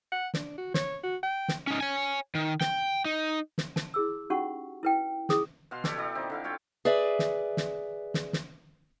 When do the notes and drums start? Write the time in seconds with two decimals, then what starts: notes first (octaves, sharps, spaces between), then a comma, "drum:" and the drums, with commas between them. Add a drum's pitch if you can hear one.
0.12 F#5
0.34 D4, drum: snare
0.58 F#4
0.74 C#5, drum: snare
1.03 F#4
1.23 G5
1.48 drum: snare
1.67 C#4 D#4
1.81 C#5 G#5
2.35 D#3
2.61 G5, drum: snare
3.05 D#4
3.58 drum: snare
3.76 A5, drum: snare
3.94 E4 G#4 E6
4.30 C#4 D#4 F#4 G4 F#5 C#6
4.83 E4 B4 G5
5.29 C#4 E4 G#4 D#6, drum: snare
5.71 B2 F5 C6
5.84 G4 A4 C#5 D5, drum: snare
5.97 E4 D5
6.15 C4 D#4
6.30 D3 E4 F5
6.44 F4 C#5 G5 A5
6.85 G#4 B4 D5 E5
7.19 drum: snare
7.57 drum: snare
8.14 drum: snare
8.33 drum: snare